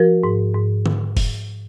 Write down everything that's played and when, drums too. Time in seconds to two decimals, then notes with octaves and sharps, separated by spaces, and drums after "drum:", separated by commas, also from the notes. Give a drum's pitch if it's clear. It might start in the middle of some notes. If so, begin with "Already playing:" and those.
Already playing: F3 F#4 A#4
0.24 G#2
0.55 G#2
0.86 drum: tom D3
1.17 drum: kick F1, open hi-hat